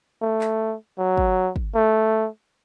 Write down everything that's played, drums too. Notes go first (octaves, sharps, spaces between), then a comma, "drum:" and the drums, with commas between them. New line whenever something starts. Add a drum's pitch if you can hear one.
A3
drum: clap
F#3
drum: kick
drum: kick
A3